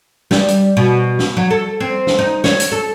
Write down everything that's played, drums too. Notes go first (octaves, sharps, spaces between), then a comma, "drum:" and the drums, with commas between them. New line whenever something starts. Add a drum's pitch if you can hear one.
G3, drum: snare
drum: hi-hat
B2
drum: snare
F#3
A4
C4
drum: snare
D#4
C#5, drum: snare
drum: hi-hat
A4